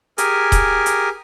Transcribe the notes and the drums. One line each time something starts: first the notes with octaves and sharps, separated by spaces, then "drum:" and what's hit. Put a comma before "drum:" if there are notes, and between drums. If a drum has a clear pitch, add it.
G4 G#4 A#4 G#5, drum: hi-hat
drum: kick D#1, hi-hat
drum: hi-hat